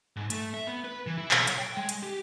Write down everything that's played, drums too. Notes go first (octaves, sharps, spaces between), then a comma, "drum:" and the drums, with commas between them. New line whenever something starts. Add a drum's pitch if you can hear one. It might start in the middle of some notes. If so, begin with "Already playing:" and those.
G#2
A3, drum: hi-hat
E5
B3
B4
E3
E4
B1, drum: clap
C#5, drum: hi-hat
G5
G#3
drum: hi-hat
G4